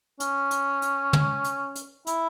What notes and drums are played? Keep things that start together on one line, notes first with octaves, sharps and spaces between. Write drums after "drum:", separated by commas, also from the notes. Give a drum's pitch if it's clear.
C#4, drum: hi-hat
drum: hi-hat
drum: hi-hat
drum: tom
drum: hi-hat
drum: hi-hat
E4, drum: hi-hat